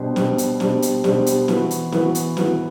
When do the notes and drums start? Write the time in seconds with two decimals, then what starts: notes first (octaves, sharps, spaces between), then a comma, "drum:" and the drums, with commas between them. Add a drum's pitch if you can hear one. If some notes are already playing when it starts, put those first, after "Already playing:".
Already playing: B2 G3 D4 G4 C5
0.16 B2 G3 D4 G4 C5, drum: snare
0.38 drum: hi-hat
0.60 B2 G3 D4 G4 C5, drum: snare
0.82 drum: hi-hat
1.04 B2 G3 D4 G4 C5, drum: snare
1.26 drum: hi-hat
1.48 E3 B3 F#4 B4, drum: snare
1.71 drum: hi-hat
1.92 E3 B3 F#4 B4, drum: snare
2.15 drum: hi-hat
2.37 E3 B3 F#4 B4, drum: snare